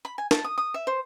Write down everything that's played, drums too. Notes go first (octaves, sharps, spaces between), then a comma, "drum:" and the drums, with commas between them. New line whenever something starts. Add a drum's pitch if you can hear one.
B5
G#5
A5, drum: snare
D#6
D#6
E5
C5